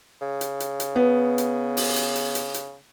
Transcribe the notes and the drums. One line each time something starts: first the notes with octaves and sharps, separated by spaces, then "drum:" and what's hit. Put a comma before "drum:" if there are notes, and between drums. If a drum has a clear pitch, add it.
C#3
drum: hi-hat
drum: hi-hat
drum: hi-hat
B3
drum: hi-hat
drum: open hi-hat
drum: hi-hat
drum: hi-hat
drum: hi-hat
drum: hi-hat